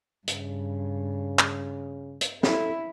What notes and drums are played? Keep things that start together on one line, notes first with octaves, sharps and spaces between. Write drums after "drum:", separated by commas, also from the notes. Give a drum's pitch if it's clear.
G2 C#3, drum: hi-hat
drum: clap
drum: hi-hat
E4 A4, drum: snare